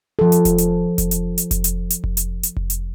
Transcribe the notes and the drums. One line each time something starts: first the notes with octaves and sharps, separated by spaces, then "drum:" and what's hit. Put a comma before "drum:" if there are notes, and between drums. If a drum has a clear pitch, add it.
F3 A4
drum: hi-hat
drum: kick F1, hi-hat
drum: hi-hat
drum: kick F1, hi-hat
drum: hi-hat
drum: hi-hat
drum: kick F1, hi-hat
drum: hi-hat
drum: hi-hat
drum: kick F1
drum: hi-hat
drum: hi-hat
drum: kick F1
drum: hi-hat